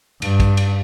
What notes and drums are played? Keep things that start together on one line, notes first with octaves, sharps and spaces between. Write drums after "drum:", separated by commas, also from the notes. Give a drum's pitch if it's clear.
G2, drum: cymbal
drum: kick, cymbal
drum: cymbal